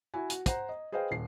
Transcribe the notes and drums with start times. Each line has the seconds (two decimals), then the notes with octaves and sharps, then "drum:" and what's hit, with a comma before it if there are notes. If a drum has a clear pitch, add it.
0.14 E4 F#4 G#5
0.30 F#4, drum: hi-hat
0.46 C5 F#5 A#5, drum: kick, hi-hat
0.69 D#5
0.92 G#4 B4 C5 D#5 F5 G5
1.11 D#1 C7